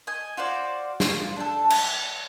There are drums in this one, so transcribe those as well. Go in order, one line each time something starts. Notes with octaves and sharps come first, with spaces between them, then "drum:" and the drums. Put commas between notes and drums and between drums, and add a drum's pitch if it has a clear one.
D#5 G#5
F4 F#4 C5 D5
F4, drum: snare
D4 A4
E5, drum: cymbal